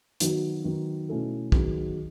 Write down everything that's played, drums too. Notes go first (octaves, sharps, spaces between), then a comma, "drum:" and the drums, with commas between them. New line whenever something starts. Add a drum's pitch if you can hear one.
D#3 F#3 B3 D#4 F#4, drum: hi-hat
D#3 F#3 B3
B2 A3 C#4 E4 A4
D#3 F#3 B3 D#4 G#4, drum: kick